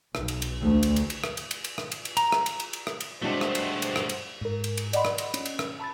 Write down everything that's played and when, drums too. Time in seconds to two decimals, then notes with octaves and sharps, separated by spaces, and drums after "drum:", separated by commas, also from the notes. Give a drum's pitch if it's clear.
0.15 B1, drum: rim click
0.28 drum: cymbal
0.42 drum: cymbal
0.60 D2
0.83 drum: cymbal
0.96 drum: cymbal
1.10 drum: cymbal
1.24 drum: rim click
1.37 drum: cymbal
1.51 drum: cymbal
1.64 drum: cymbal
1.78 drum: rim click
1.92 drum: cymbal
2.05 drum: cymbal
2.17 A#5, drum: cymbal
2.32 drum: rim click
2.46 drum: cymbal
2.60 drum: cymbal
2.73 drum: cymbal
2.87 drum: rim click
3.00 drum: cymbal
3.22 G2 F#3 G#3 A3 D4 C5 F#5
3.41 drum: rim click
3.55 drum: cymbal
3.82 drum: cymbal
3.96 drum: rim click
4.09 drum: cymbal
4.41 G#2 A#4
4.64 drum: cymbal
4.77 drum: cymbal
4.93 D5 D#5 F#5 B5 C6, drum: cymbal
5.05 drum: rim click
5.18 drum: cymbal
5.34 C#4, drum: cymbal
5.45 drum: cymbal
5.59 drum: rim click
5.80 A5 B5 E6 A6